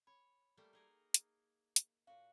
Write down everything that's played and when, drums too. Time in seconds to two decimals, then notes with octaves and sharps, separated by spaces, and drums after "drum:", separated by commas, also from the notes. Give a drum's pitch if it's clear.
0.07 C#5 B5
0.57 G3 A3 A#3
0.73 D#4 G#4 A#4
1.14 drum: hi-hat
1.76 drum: hi-hat
2.07 A#2 F#4 F5